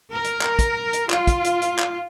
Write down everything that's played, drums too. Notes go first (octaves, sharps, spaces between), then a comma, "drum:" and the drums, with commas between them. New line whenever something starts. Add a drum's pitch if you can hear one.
A#4
drum: hi-hat
drum: clap
drum: kick, hi-hat
drum: hi-hat
F4, drum: clap
drum: kick, hi-hat
drum: hi-hat
drum: hi-hat
drum: clap